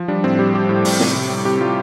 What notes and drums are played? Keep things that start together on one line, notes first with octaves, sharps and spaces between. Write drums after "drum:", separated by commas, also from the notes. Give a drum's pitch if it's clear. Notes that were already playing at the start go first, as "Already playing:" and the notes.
Already playing: F3
G3 D4
A2 C4
G3 G4
G3 G4
A2
A2, drum: open hi-hat
C3, drum: snare
C3
G3
C3 G4
G3 F4